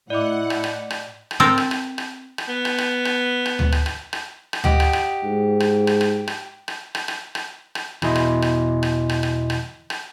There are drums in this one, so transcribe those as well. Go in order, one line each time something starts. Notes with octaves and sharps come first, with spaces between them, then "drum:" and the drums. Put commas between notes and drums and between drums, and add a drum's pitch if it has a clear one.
A2 E4 D5 D#5 F#5 D6
drum: rim click
drum: rim click
drum: rim click
drum: rim click
C4 A4 A#4
drum: rim click
drum: rim click
drum: rim click
drum: rim click
B3
drum: rim click
drum: rim click
drum: rim click
drum: rim click
drum: tom D2
drum: rim click
drum: rim click
drum: rim click
drum: rim click
G4 D#5 F#5, drum: tom D2
drum: rim click
drum: rim click
G#2
drum: rim click
drum: rim click
drum: rim click
drum: rim click
drum: rim click
drum: rim click
drum: rim click
drum: rim click
drum: rim click
E2 B2 E4 D#5 G#5 C6, drum: rim click
drum: rim click
drum: rim click
drum: rim click
drum: rim click
drum: rim click
drum: rim click
drum: rim click